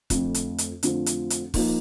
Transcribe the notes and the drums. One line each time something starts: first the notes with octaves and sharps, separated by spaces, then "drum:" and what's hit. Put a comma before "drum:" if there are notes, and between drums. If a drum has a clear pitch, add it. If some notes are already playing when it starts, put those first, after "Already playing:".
F2 D3 F3 A3 C4, drum: kick, hi-hat
drum: hi-hat
drum: hi-hat
F2 D3 F3 A3 C4, drum: hi-hat
drum: hi-hat
drum: hi-hat
F3 A#3 D#4, drum: kick, open hi-hat